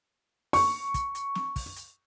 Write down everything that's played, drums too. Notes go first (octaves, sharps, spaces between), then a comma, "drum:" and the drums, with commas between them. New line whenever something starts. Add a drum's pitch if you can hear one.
C#6, drum: open hi-hat
drum: kick, hi-hat
drum: hi-hat
drum: snare
drum: kick, open hi-hat
drum: hi-hat